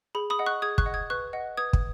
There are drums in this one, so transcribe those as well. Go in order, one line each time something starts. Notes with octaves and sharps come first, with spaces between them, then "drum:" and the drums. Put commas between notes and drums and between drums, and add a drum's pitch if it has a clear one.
G#4 B5
B5 D#6
D#5 F#5
C#6 F#6
G#4 D#6 G#6
C#6 F#6, drum: kick
D#5 F#5
D#6 G#6
B4 C#6 F#6
D#5 F#5
B4 D#6 G#6
drum: kick